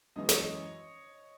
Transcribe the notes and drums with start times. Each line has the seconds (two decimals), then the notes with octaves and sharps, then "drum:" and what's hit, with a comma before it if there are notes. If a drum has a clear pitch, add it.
0.16 F#2 E3 G#3 C#4 D#5
0.29 C#5, drum: snare
0.41 D#5